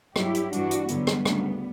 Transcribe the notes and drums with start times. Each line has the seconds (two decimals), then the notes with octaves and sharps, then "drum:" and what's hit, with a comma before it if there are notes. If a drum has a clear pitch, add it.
0.16 G2 F#3 E4 G4, drum: rim click
0.34 drum: hi-hat
0.53 G2 E3 G3 D4 F#4, drum: hi-hat
0.71 drum: hi-hat
0.88 G2 D3 F#3 G3 B3, drum: hi-hat
1.07 drum: rim click
1.25 D2 C#3 F#3, drum: rim click